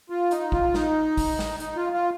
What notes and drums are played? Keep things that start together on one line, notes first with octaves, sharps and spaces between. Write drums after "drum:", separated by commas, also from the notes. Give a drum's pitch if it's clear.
F4
D#4, drum: hi-hat
F4, drum: kick
D#4, drum: snare
drum: kick, open hi-hat
drum: snare
D#4, drum: hi-hat
F4
F4